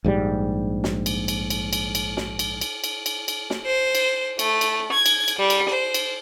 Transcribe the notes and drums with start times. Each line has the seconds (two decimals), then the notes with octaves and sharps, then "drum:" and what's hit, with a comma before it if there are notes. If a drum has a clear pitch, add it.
0.04 A#1 G#2 D#3 G3
0.84 drum: snare
1.06 drum: cymbal
1.28 drum: cymbal
1.50 drum: cymbal
1.73 drum: cymbal
1.95 drum: cymbal
2.17 drum: snare
2.39 drum: cymbal
2.61 drum: cymbal
2.84 drum: cymbal
3.06 drum: cymbal
3.28 drum: cymbal
3.50 drum: snare
3.66 C5
3.95 drum: cymbal
4.39 A3, drum: cymbal
4.61 drum: cymbal
4.92 G#6
5.06 drum: cymbal
5.28 drum: cymbal
5.38 G3
5.50 drum: cymbal
5.69 C5
5.94 drum: cymbal